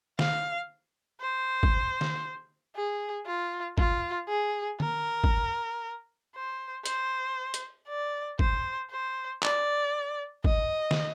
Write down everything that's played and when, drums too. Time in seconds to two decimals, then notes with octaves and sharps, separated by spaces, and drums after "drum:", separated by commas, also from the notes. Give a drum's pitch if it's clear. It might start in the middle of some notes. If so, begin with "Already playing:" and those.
0.19 F5, drum: snare
1.21 C5
1.63 drum: kick G#1
2.01 drum: snare
2.76 G#4
3.26 F4
3.78 F4, drum: kick G#1
4.28 G#4
4.80 A#4, drum: tom D3
5.24 drum: kick G#1
6.35 C5
6.86 C5, drum: hi-hat
7.54 drum: hi-hat
7.88 D5
8.39 C5, drum: kick G#1
8.91 C5
9.43 D5, drum: clap
10.44 D#5, drum: kick G#1
10.91 drum: snare